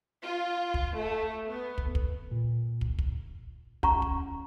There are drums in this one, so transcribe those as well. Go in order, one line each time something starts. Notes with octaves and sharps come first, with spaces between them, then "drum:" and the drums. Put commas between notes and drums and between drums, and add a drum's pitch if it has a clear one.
F4
drum: kick
A3
B3
drum: kick
drum: kick
A#2
drum: kick
drum: kick
C#4 A#5 C#6, drum: kick
drum: kick